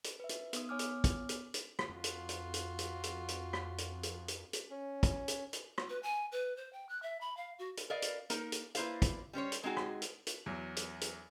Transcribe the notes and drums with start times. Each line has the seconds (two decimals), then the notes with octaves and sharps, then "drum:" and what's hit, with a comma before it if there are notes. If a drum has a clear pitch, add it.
0.04 drum: hi-hat
0.20 B4 E5
0.29 drum: hi-hat
0.53 B3 D#4 D#6, drum: hi-hat
0.69 B3 C#5 G#5 D6 F6
0.79 drum: hi-hat
1.04 drum: kick, hi-hat
1.29 drum: hi-hat
1.54 drum: hi-hat
1.79 drum: rim click
1.90 F2 F4 F#4
2.04 drum: hi-hat
2.29 drum: hi-hat
2.54 drum: hi-hat
2.79 drum: hi-hat
3.03 drum: hi-hat
3.28 drum: hi-hat
3.53 drum: rim click
3.78 drum: hi-hat
4.03 drum: hi-hat
4.28 drum: hi-hat
4.53 drum: hi-hat
4.71 C#4
5.03 drum: kick, hi-hat
5.28 drum: hi-hat
5.53 drum: hi-hat
5.78 drum: rim click
5.89 B4
6.03 G#5
6.32 B4
6.57 C5
6.73 G5
6.89 F#6
7.02 E5
7.21 B5
7.37 F5
7.59 F#4
7.77 drum: hi-hat
7.90 A#4 B4 D5 D#5 F5
8.02 drum: hi-hat
8.30 A#3 D#4 A#4, drum: hi-hat
8.52 drum: hi-hat
8.75 A#3 E4 B4 C5 D5 F5, drum: hi-hat
9.02 drum: kick, hi-hat
9.33 G3 C#4 C5 C#5
9.52 drum: hi-hat
9.63 G#3 C4 D#4 F#4 G#4
9.77 drum: rim click
10.02 drum: hi-hat
10.27 drum: hi-hat
10.46 E2 F#3
10.76 drum: hi-hat
11.01 drum: hi-hat